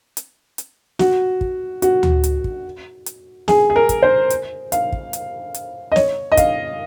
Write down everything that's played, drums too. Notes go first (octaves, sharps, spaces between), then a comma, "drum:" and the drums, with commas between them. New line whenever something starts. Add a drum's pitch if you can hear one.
drum: hi-hat
drum: hi-hat
F#4, drum: snare
drum: kick
F#4, drum: hi-hat
drum: tom D2
drum: hi-hat
drum: kick
drum: hi-hat
G#4, drum: snare
G#4
A#4
drum: kick, hi-hat
C5
drum: hi-hat
F5, drum: hi-hat
drum: kick
drum: hi-hat
drum: hi-hat
D#5
C#5, drum: snare
D#5
F5, drum: kick, hi-hat